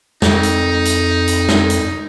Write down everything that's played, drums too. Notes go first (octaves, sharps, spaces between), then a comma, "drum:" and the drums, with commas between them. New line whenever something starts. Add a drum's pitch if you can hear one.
F2 D#4, drum: snare
drum: hi-hat
drum: hi-hat
drum: hi-hat
drum: snare
drum: hi-hat